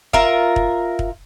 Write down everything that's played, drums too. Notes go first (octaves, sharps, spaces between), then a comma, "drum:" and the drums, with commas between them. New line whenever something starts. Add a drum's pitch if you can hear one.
F4 A#4 E5, drum: kick
drum: kick
drum: kick